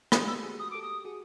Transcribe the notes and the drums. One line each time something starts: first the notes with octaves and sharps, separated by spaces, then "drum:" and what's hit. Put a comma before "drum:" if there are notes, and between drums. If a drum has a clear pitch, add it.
G4 A4 D#6, drum: rim click
E6
F#4 G#4
D#6
G4 A4 D6
D#6
F#4 G#4